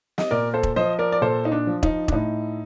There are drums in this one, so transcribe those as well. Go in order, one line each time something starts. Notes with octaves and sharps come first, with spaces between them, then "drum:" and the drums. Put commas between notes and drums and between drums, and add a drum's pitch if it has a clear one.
D#5, drum: snare
A#2 A#4 D5
A4 C5
drum: kick E1
F3 C5 D#5
A#4 D5
D5
A#2 A4 C5
D#4
D4
F3
D#4, drum: kick E1
D4, drum: kick E1
A2 D#4